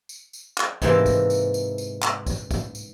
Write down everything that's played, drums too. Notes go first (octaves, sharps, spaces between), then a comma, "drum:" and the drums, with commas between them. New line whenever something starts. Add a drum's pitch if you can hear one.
drum: tambourine
drum: tambourine
drum: clap
G#2 C3 E3 A#3 E5 A5, drum: kick C2, tambourine
drum: kick C2, tambourine
drum: tambourine
drum: tambourine
drum: tambourine
drum: clap
drum: kick C2, tambourine
drum: kick C2, tambourine
drum: tambourine